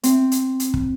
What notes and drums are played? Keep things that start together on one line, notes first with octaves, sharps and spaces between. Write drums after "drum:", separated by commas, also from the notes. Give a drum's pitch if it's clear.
C4, drum: hi-hat
drum: hi-hat
drum: hi-hat
drum: kick